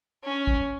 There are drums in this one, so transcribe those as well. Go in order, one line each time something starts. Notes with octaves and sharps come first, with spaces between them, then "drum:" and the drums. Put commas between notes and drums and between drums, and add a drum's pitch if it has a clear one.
C#4
drum: kick